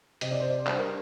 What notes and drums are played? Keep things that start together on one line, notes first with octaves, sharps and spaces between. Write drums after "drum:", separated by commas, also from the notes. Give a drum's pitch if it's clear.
C3 D#5, drum: hi-hat
D5
C5
D5
G3 D4 C5, drum: clap
A#4